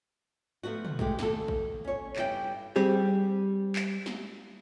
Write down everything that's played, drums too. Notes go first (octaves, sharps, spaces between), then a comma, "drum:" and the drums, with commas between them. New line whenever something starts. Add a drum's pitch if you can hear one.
F3 A3 B3 F#4
drum: tom
G#3 A3 G4, drum: kick
D#2 A4, drum: snare
drum: kick
C#4 C#5
G2 G3 B3 E4 B4 G5, drum: clap
G3 C4 G4 G#4
drum: clap
drum: snare